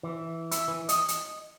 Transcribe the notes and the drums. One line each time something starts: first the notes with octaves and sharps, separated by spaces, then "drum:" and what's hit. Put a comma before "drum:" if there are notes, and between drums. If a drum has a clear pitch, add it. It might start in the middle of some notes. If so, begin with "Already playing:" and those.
E3
E4, drum: hi-hat
E3
D#5, drum: hi-hat
drum: hi-hat